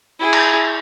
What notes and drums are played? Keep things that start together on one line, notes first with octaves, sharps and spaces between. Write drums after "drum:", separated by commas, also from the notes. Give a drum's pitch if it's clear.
E4 G#4
drum: cymbal